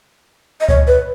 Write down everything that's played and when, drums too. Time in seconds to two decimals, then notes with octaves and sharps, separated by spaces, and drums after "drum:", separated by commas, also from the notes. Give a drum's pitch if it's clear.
0.61 D#5
0.69 C#5, drum: kick C#2
0.87 B4